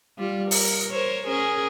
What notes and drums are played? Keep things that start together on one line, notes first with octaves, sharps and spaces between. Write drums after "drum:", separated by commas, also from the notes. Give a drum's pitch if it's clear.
G3 F4
A#4, drum: open hi-hat
A#4 C5 C#5
C#4 G#4 A#4